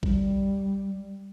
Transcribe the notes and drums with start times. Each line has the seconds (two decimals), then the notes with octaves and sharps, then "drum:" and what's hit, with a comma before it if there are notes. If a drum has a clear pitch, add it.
0.03 G3, drum: kick A1